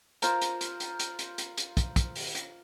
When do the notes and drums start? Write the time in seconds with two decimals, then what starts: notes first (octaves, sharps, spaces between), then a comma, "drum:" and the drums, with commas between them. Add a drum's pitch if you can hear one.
0.22 F4 A#4 C5 A#5, drum: hi-hat
0.41 drum: hi-hat
0.61 drum: hi-hat
0.80 drum: hi-hat
0.99 drum: hi-hat
1.19 drum: hi-hat
1.38 drum: hi-hat
1.57 drum: hi-hat
1.77 drum: kick, hi-hat
1.96 drum: kick, hi-hat
2.15 drum: open hi-hat
2.35 drum: hi-hat